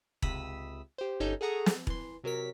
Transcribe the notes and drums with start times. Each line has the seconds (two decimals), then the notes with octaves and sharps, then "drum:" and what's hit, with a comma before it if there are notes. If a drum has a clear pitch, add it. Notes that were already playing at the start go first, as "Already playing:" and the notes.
0.22 C#2 C3 B5 D#6 E6 B6, drum: kick E1
0.98 G4 C5
1.20 G1 C#4 D#4 G4 A4 G6
1.41 G#4 A4 F#5 A#5 C#6 D#6
1.66 drum: snare
1.87 E3 C6, drum: kick E1
2.24 C3 F#3 A#4 B6